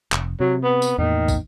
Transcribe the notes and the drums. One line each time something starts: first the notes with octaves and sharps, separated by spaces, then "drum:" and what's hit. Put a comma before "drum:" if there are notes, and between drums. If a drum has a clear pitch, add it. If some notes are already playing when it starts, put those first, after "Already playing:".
F1, drum: clap
C3 F#3
B3
drum: tambourine
E2 A2 D#3 A#3
drum: kick, tambourine